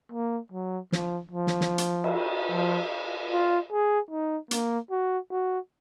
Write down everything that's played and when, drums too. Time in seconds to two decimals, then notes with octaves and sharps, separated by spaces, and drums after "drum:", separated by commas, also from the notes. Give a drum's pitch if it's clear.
0.12 A#3
0.52 F#3
0.92 F3, drum: snare
1.31 F3
1.47 drum: snare
1.61 drum: snare
1.78 drum: hi-hat
2.04 drum: cymbal
2.51 F3
3.31 F4
3.72 G#4
4.11 D#4
4.51 A#3, drum: hi-hat
4.91 F#4
5.31 F#4